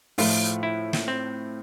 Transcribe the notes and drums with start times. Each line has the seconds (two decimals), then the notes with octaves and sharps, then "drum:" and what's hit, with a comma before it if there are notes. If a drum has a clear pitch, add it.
0.18 A2 F3 A3 F4, drum: open hi-hat
0.63 E4
0.93 drum: snare
1.08 C4